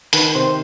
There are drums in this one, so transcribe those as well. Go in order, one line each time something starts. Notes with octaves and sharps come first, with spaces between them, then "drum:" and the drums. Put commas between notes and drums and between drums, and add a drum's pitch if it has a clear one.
D#3 B4, drum: hi-hat
C3 C5